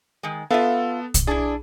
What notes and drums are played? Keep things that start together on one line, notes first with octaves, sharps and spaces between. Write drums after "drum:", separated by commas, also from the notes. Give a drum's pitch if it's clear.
D#3 G#3
B3 F4 A4 E5 F5
drum: kick, hi-hat
D4 E4 G#4